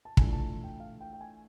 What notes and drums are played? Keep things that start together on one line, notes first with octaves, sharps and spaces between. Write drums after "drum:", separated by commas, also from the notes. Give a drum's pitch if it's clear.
A5
E3 A3 D4 F4 G#5, drum: kick
A5
G5
F5
G5
G5
G#5